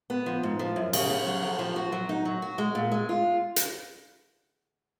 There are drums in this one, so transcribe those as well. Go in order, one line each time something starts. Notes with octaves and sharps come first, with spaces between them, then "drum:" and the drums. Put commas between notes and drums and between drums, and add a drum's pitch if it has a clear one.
B3
F3
G#2
F3
F#2
C#3, drum: cymbal
C#3
F#3
F2
F3
F#4
F#3
D#4
F#3
F#4
G#3
A#2
G#3
F4
drum: hi-hat